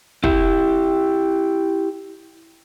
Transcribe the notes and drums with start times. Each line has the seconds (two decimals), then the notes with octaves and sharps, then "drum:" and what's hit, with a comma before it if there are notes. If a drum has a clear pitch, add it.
0.24 E4 G4, drum: kick